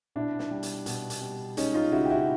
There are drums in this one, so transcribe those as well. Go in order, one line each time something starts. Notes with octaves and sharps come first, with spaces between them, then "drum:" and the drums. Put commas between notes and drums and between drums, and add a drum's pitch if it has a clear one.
B2 D4 E4
drum: snare
G3
drum: hi-hat
B2, drum: hi-hat
drum: hi-hat
G3
G#3 C#4 D#4, drum: hi-hat
D#4 F4
C#3 E4 F#4
G4
E4 F#4